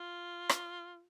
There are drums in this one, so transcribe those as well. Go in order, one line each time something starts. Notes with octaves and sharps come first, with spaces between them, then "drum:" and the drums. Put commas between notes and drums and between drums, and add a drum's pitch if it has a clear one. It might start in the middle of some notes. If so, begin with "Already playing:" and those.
Already playing: F4
drum: rim click